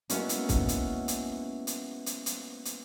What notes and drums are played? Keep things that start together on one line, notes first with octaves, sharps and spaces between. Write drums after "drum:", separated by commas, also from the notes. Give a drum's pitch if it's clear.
G#3 A#3 B3 C#4 E4 F#4, drum: hi-hat
drum: hi-hat
drum: kick C2, hi-hat
drum: hi-hat
drum: hi-hat
drum: hi-hat
drum: hi-hat
drum: hi-hat
drum: hi-hat